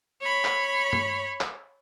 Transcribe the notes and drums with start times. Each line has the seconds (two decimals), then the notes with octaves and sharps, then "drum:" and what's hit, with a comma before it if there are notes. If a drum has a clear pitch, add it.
0.21 C#5 B5
0.45 drum: clap
0.93 drum: tom G2
1.41 drum: clap